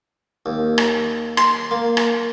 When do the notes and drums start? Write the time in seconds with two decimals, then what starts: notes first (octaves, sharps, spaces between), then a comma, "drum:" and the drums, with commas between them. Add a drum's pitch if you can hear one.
0.46 D#2
0.78 drum: rim click
1.37 C6, drum: rim click
1.71 A#3
1.97 drum: rim click